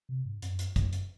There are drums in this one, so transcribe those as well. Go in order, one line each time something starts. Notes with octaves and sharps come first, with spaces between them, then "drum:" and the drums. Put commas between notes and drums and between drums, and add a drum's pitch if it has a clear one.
C3
G#2
F#2, drum: hi-hat
drum: hi-hat
F#2, drum: kick, hi-hat
drum: hi-hat